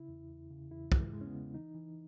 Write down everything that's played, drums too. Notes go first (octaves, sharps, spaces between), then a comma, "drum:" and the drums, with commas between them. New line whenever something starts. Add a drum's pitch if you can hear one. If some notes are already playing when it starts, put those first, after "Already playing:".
Already playing: C#3 E4
E2
E2
C#3
E2 E4
E2, drum: kick
G#3
G#3
C#4
B3
C#3
E3 D#4
E3